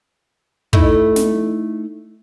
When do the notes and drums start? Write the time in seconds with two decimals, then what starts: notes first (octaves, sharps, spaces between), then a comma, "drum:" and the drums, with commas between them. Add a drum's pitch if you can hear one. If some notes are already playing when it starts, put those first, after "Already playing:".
0.73 A3 D#4 E4, drum: kick
1.16 drum: snare